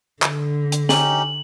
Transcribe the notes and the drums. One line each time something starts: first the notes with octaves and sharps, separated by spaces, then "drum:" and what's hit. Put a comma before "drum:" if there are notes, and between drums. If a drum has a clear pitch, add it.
D3, drum: clap
drum: hi-hat
C#4 D#4 G4 F#7, drum: snare